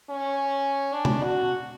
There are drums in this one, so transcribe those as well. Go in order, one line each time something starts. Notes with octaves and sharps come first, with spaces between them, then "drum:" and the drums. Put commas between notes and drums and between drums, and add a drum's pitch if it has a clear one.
C#4
D4
drum: tom C3
F#4